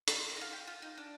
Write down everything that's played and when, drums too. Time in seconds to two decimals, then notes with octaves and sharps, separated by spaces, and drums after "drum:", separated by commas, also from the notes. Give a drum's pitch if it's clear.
0.08 D4, drum: hi-hat
0.19 C5
0.30 A#4
0.36 D#4
0.41 F4
0.53 G4
0.67 F4
0.82 D#4
0.98 D4